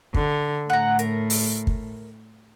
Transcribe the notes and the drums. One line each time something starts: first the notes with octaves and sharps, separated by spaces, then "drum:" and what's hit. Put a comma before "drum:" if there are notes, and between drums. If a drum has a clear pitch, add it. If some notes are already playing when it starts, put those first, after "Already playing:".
D3, drum: kick
A2 F#5 A#5
A#4, drum: hi-hat
drum: open hi-hat
drum: kick